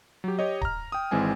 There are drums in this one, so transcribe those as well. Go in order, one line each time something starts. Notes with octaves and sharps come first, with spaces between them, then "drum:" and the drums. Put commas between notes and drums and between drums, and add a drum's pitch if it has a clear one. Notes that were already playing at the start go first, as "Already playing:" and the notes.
F#3 G4
G4 C#5 D#5
A#5 F6, drum: kick D1
G5 D#6
G#1 E3 G#3 C4 G#5